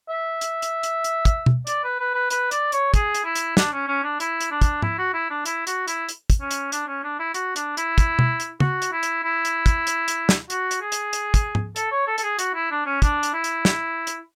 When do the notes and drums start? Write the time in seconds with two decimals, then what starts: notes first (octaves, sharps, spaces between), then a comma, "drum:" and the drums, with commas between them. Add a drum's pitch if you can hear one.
0.09 E5
0.41 drum: hi-hat
0.62 drum: hi-hat
0.83 drum: hi-hat
1.04 drum: hi-hat
1.25 drum: kick, hi-hat
1.46 drum: tom B2
1.67 D5, drum: hi-hat
1.84 B4
2.00 B4
2.14 B4
2.30 B4, drum: hi-hat
2.51 D5, drum: hi-hat
2.72 C#5, drum: hi-hat
2.94 G#4, drum: kick, hi-hat
3.14 drum: hi-hat
3.25 E4
3.35 drum: hi-hat
3.57 D4, drum: snare
3.73 C#4
3.88 C#4
4.04 D4
4.20 E4, drum: hi-hat
4.41 drum: hi-hat
4.51 D4
4.62 drum: kick, hi-hat
4.82 E4, drum: tom G#2
4.98 F#4
5.14 E4
5.30 D4
5.46 E4, drum: hi-hat
5.67 F#4, drum: hi-hat
5.88 E4, drum: hi-hat
6.09 drum: hi-hat
6.30 drum: kick, hi-hat
6.41 C#4
6.51 drum: hi-hat
6.72 D4, drum: hi-hat
6.87 C#4
7.04 D4
7.19 E4
7.34 F#4, drum: hi-hat
7.56 D4, drum: hi-hat
7.77 E4, drum: hi-hat
7.98 drum: kick, hi-hat
8.19 drum: tom B2
8.40 drum: hi-hat
8.60 F#4, drum: tom
8.82 drum: hi-hat
8.92 E4
9.03 drum: hi-hat
9.24 E4
9.45 drum: hi-hat
9.66 drum: kick, hi-hat
9.87 drum: hi-hat
10.08 drum: hi-hat
10.29 drum: snare
10.50 F#4, drum: hi-hat
10.71 drum: hi-hat
10.81 G#4
10.92 drum: hi-hat
11.13 drum: hi-hat
11.34 drum: kick, hi-hat
11.55 drum: tom G#2
11.76 A4, drum: hi-hat
11.92 C#5
12.07 A4
12.18 A4, drum: hi-hat
12.23 G#4
12.39 F#4, drum: hi-hat
12.55 E4
12.71 D4
12.86 C#4
13.02 D4, drum: kick, hi-hat
13.23 drum: hi-hat
13.34 E4
13.44 drum: hi-hat
13.65 drum: snare
14.07 drum: hi-hat